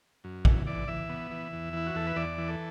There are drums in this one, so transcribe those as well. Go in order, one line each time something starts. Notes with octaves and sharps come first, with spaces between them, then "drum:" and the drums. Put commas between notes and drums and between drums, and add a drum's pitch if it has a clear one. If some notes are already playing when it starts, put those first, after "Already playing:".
F#2
E3, drum: kick A#1
E3 D5
E3 E5
B3
E3
E2
E3 E4
F#4
E2 A4
B4
E2 D5
E3
A4